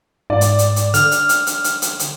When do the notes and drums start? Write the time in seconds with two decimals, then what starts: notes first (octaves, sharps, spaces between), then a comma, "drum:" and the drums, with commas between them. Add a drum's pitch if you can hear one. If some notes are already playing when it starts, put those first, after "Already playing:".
0.30 G#2 D5
0.41 drum: hi-hat
0.59 drum: hi-hat
0.76 drum: hi-hat
0.94 D3 F6, drum: hi-hat
1.11 drum: hi-hat
1.29 drum: hi-hat
1.47 drum: hi-hat
1.64 drum: hi-hat
1.82 drum: hi-hat
2.00 drum: hi-hat